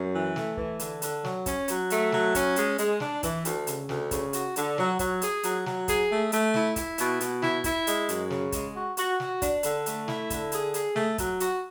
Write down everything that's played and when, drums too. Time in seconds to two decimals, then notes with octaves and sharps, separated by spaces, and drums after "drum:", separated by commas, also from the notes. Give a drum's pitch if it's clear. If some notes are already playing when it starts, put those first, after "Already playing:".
Already playing: F#2
0.13 E3
0.36 A3, drum: snare
0.57 E3, drum: kick
0.79 D3, drum: hi-hat
1.02 D3, drum: hi-hat
1.25 F#3, drum: snare
1.46 C#4, drum: kick, hi-hat
1.68 F#3, drum: hi-hat
1.90 A3, drum: hi-hat
2.12 F#3, drum: snare
2.35 C#4, drum: kick, hi-hat
2.56 G#3, drum: hi-hat
2.78 G#3, drum: hi-hat
3.00 D4, drum: snare
3.23 E3, drum: kick, hi-hat
3.45 D2, drum: hi-hat
3.67 C#3, drum: hi-hat
3.89 D2, drum: snare
4.11 C#3, drum: kick, hi-hat
4.33 F#4, drum: hi-hat
4.56 D3, drum: hi-hat
4.78 F#3, drum: snare
4.99 F#3, drum: kick, hi-hat
5.22 G#4, drum: hi-hat
5.43 F#3, drum: hi-hat
5.66 F#3, drum: snare
5.88 G#4, drum: kick, hi-hat
6.09 A3
6.32 A3, drum: hi-hat
6.54 E4, drum: snare
6.76 E4, drum: kick, hi-hat
6.98 B2, drum: hi-hat
7.20 B2, drum: hi-hat
7.42 E4, drum: snare
7.64 E4, drum: kick, hi-hat
7.87 G#3, drum: hi-hat
8.09 F#2, drum: hi-hat
8.31 C#3, drum: snare
8.52 G#3, drum: kick, hi-hat
8.74 F#4
8.97 F#4, drum: hi-hat
9.20 F#4, drum: snare
9.42 D4, drum: kick, hi-hat
9.63 D3, drum: hi-hat
9.86 A3, drum: hi-hat
10.08 E4, drum: snare
10.30 D3, drum: kick, hi-hat
10.52 G#4, drum: hi-hat
10.74 G#4, drum: hi-hat
10.96 A3, drum: snare
11.18 F#3, drum: kick, hi-hat
11.40 F#4, drum: hi-hat